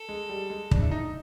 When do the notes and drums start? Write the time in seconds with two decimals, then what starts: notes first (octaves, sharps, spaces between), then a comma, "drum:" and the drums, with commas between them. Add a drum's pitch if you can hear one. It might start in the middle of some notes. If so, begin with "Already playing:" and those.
Already playing: A4
0.09 G#3
0.29 G3
0.50 G#3
0.71 D4, drum: kick
0.82 E4
0.91 D#4